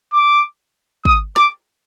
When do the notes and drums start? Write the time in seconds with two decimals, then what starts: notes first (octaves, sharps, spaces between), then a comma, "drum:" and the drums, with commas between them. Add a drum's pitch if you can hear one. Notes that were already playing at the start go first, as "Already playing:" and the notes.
0.13 D6
1.05 D#6, drum: kick
1.36 D6, drum: snare